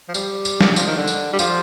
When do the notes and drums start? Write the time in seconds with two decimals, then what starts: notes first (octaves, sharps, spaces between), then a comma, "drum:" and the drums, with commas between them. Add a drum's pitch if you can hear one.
0.08 F3
0.14 G3, drum: tambourine
0.45 drum: tambourine
0.61 drum: snare
0.76 F3, drum: tambourine
0.87 D#3
0.97 D3
1.07 drum: tambourine
1.33 G3
1.39 F3, drum: tambourine